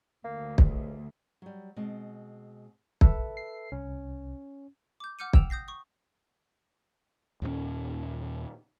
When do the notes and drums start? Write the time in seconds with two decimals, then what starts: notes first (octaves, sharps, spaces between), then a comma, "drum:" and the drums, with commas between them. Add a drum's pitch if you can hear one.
0.24 D2 A#3
0.58 C#2, drum: kick
1.42 F#3 G3
1.76 B2 G#3 C4 A5
3.01 A4 B4 E5, drum: kick
3.37 C7
3.72 C2 C#4
5.00 D6 G6
5.19 F#5 D6 F6 G6 C#7 D#7
5.33 G5 E6 E7 F7, drum: kick
5.50 D#6 G6 A#6 C7
5.68 C#6 D#6
7.42 D#2 A#2 G#3 C#4